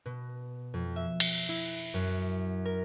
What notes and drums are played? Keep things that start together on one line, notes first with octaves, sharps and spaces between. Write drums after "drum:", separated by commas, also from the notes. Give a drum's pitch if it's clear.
B2
F2
E5
drum: cymbal
E4
F#2
A#4